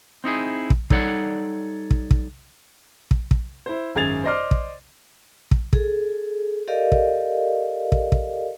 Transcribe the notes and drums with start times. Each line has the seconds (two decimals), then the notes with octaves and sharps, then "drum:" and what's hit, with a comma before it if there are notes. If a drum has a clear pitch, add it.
0.24 C4 D#4 E4 G#4
0.70 drum: kick
0.90 G3 D#4 A4 C#5 D5 F#5, drum: kick
1.91 drum: kick
2.11 drum: kick
3.11 drum: kick
3.31 drum: kick
3.66 E4 C5
3.95 G#1 F#2 G#4 G#6 A6 F7
4.24 C5 D5 D#5 C6 D6 F6
4.51 drum: kick
5.51 drum: kick
5.73 G#4 A4, drum: kick
6.68 G4 A4 A#4 D5 D#5 F5
6.92 drum: kick
7.92 drum: kick
8.12 drum: kick